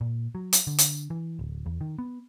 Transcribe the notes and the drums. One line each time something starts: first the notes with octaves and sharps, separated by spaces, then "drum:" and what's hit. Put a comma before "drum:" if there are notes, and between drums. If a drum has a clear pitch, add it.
A#2
F#3
drum: hi-hat
D3
drum: hi-hat
E3
D1
E2
D#3
B3